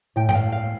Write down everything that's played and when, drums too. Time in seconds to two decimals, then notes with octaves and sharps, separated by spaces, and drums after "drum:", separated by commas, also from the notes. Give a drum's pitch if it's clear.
0.16 A2 G5
0.29 G5, drum: tom G2
0.35 F5
0.52 F5